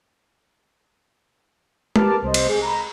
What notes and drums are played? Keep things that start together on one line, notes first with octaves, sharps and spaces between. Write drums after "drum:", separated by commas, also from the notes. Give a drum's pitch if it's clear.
G4 A#4 B4 A5 D6 F6, drum: tom
C2 C5 D#5
drum: cymbal
G#4
A#5 B5